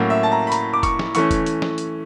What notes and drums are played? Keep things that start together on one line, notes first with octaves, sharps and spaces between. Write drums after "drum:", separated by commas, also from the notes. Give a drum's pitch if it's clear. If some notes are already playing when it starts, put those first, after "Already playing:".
Already playing: A2 F#3 A#3 C#4
E5
A5
A#5
B5
A#5, drum: hi-hat
D6
C#6, drum: kick F1, hi-hat
drum: snare
E3 A3 C#4 C#6, drum: hi-hat
drum: kick F1, hi-hat
drum: hi-hat
drum: snare
drum: hi-hat